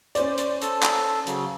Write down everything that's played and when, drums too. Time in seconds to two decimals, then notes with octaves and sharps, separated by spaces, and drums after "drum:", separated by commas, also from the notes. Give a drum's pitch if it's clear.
0.15 C#4 C5 D5, drum: hi-hat
0.38 drum: hi-hat
0.61 A4, drum: hi-hat
0.82 drum: clap
1.27 C#3 F#3, drum: hi-hat